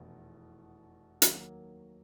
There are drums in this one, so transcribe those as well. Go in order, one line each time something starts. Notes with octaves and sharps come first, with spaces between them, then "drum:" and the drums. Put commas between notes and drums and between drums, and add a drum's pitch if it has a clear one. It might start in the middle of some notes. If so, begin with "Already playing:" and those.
Already playing: F1 E2 B2
D#2 D#3 F#3 A#3, drum: hi-hat